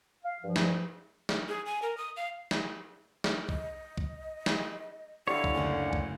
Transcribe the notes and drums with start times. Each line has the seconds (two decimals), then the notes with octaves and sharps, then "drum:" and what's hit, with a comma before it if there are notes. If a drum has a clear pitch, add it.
0.23 F5
0.43 G2 F3
0.56 drum: snare
1.29 drum: snare
1.48 G#4
1.66 G#5
1.82 A#4
1.98 D#6
2.17 F5
2.51 drum: snare
3.24 drum: snare
3.49 D#5, drum: kick
3.97 drum: kick
4.46 drum: snare
5.28 D3 E4 G4 C#5 F5
5.44 drum: kick
5.54 F#1 D2 G#5
5.93 drum: kick